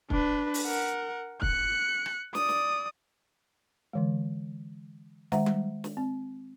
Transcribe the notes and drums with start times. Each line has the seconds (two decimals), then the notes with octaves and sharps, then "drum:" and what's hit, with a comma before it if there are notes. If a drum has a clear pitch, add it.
0.10 D4 B4, drum: kick
0.54 drum: open hi-hat
0.66 A#4 F#5
1.42 F#6 C#7, drum: kick
2.06 drum: rim click
2.35 D5 D#6, drum: snare
2.49 drum: snare
3.93 D3 E3 G#3
5.32 D#3 G#3 E5 F#5 A#5, drum: snare
5.46 drum: tom G3
5.84 drum: snare
5.97 C4